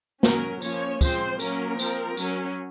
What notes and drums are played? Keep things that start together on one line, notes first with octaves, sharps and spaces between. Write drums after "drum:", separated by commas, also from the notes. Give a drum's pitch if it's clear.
F#3 C#4 A#4, drum: snare
F3 A#3 C#4 C#5, drum: tambourine
F3 G#3 C4 C5, drum: kick, tambourine
F#3 A#3 C#4 A#4, drum: tambourine
F3 C4, drum: tambourine
F#3 C#4, drum: tambourine